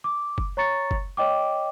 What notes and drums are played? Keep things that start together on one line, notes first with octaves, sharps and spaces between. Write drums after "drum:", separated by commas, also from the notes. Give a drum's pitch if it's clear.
D6
drum: kick F#1
C#5 A#5 C#6 A6 C#7
drum: kick F#1
C#5 D#5 G5 D6